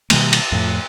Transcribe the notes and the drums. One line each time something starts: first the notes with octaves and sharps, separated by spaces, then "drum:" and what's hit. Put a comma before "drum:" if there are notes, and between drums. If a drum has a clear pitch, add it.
B2 D#3 G3 A#3, drum: cymbal
drum: cymbal
F2 A2